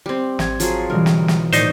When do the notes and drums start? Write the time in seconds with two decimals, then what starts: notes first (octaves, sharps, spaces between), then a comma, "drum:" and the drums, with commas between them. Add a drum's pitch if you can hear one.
0.06 G3 C4
0.39 G#1 G#6, drum: snare
0.60 F3 F#3 G#4, drum: hi-hat
0.90 B1 D3 E3 G3 A#4
1.06 drum: snare
1.28 drum: snare
1.53 A2 D#3 D#4 C5 D5 C#6, drum: hi-hat